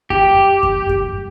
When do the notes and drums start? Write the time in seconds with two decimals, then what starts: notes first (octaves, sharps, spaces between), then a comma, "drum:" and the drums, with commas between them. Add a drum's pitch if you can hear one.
0.10 G4, drum: kick F#2
0.63 drum: kick F#2
0.89 drum: kick F#2